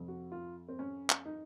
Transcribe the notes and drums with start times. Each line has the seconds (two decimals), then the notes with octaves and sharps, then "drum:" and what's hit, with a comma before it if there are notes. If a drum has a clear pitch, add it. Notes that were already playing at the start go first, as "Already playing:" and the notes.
Already playing: F2 C3 F3
0.08 F#4
0.32 F4
0.68 C4
0.79 C#4
1.10 drum: clap
1.25 D#4